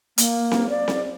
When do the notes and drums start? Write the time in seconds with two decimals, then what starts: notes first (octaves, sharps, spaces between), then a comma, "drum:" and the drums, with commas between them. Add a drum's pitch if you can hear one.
0.18 A#3, drum: hi-hat
0.52 drum: snare C4
0.70 D5
0.88 drum: snare C4